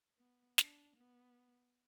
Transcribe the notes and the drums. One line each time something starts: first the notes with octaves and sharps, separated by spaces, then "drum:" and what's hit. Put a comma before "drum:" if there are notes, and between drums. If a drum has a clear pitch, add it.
B3
D4, drum: snare
B3